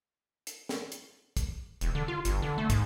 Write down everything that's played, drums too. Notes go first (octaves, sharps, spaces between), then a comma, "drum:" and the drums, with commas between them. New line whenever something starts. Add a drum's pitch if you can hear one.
drum: hi-hat
drum: snare
drum: hi-hat
drum: kick, hi-hat
E1, drum: hi-hat
D3
F4
G1, drum: hi-hat
D3
A3
G#2, drum: kick, hi-hat